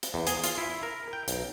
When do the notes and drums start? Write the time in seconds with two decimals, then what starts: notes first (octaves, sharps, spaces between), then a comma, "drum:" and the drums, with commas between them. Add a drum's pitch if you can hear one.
0.03 drum: hi-hat
0.14 E2
0.27 G#4, drum: hi-hat
0.44 F4, drum: hi-hat
0.58 E4
0.83 A#4
1.13 G5
1.28 B1, drum: hi-hat